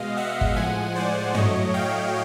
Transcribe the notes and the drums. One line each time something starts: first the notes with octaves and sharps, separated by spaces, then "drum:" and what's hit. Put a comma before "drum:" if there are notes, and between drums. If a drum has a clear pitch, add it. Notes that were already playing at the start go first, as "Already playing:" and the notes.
Already playing: B2 G#3 D#5 F5
E5 F#5
drum: kick G1
A2 F3 G#3 F#5 G#5
C5 D5
A2 F#3 A3 C#5 D#5, drum: tom
F5 G5